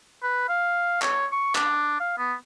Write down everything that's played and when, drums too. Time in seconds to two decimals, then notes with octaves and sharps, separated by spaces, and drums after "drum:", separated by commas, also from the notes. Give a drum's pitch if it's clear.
0.23 B4
0.49 F5
1.02 C#5, drum: clap
1.32 C#6
1.55 D4, drum: clap
2.00 F5
2.18 B3